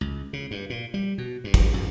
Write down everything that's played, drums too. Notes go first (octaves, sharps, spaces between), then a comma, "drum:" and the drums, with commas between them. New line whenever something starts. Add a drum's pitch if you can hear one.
C#2
C#3
G2
A#2
G3
B2
G2
drum: kick, cymbal
F#2